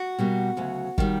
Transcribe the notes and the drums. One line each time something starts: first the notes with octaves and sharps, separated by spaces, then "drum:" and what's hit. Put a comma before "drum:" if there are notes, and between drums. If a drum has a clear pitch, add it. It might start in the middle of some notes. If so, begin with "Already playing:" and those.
Already playing: F#4
B2 G3 A#3
D2 C#3 F#3
D#3 G3, drum: kick